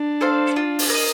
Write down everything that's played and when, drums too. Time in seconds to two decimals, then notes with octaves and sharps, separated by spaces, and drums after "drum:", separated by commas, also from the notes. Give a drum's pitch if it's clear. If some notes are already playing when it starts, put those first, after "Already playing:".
Already playing: D4
0.21 A4 C5 F5
0.56 F4
0.79 drum: open hi-hat
0.90 A#4
0.95 D#5